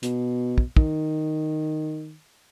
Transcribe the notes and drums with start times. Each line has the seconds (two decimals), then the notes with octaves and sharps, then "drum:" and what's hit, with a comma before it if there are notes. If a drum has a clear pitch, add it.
0.03 B2, drum: hi-hat
0.58 drum: kick
0.77 D#3, drum: kick